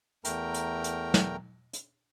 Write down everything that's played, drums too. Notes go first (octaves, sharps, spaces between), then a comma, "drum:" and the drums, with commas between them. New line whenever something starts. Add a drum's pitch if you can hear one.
E2 A3 A#4 G5 A#5, drum: hi-hat
drum: hi-hat
drum: hi-hat
drum: snare
drum: hi-hat